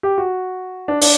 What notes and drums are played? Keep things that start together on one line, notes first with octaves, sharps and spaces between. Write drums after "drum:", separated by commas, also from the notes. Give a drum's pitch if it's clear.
G4
F#4
D4
D4, drum: open hi-hat